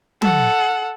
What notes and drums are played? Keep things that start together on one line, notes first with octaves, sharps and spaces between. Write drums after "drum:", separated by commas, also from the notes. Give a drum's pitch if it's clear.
A4 F#5, drum: tom